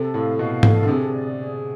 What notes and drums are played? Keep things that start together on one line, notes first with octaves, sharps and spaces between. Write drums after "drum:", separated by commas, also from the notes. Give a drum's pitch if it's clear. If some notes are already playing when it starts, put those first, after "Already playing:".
Already playing: C3 A4
A2 F5
B2 F5
A4, drum: tom G#2
D3
C3 G#4
D5
G#4